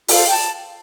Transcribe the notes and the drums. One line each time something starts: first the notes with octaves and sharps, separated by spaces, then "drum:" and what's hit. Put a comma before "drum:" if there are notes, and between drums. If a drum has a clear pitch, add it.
F4 A4 C5 F5, drum: open hi-hat
G5
A5